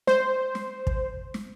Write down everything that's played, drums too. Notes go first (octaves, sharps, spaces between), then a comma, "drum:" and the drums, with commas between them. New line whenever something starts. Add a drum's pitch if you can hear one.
C5, drum: snare
drum: snare
drum: kick
drum: snare